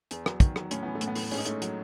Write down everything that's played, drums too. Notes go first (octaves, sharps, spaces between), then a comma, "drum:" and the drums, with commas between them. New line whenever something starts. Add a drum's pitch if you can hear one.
E2, drum: hi-hat
F#3, drum: rim click
D#3, drum: kick, hi-hat
F#3, drum: rim click
A2 C#4, drum: hi-hat
E3 B3
A3
A2, drum: hi-hat
B3
A2, drum: open hi-hat
G#2 C#4, drum: open hi-hat
D#4
G#2 A3 C#4, drum: hi-hat
F#3, drum: hi-hat